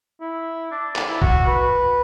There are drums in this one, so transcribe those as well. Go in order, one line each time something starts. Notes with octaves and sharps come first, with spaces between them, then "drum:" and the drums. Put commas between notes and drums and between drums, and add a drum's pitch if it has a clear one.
E4
D4
D4, drum: clap
E4
F#4, drum: kick
B4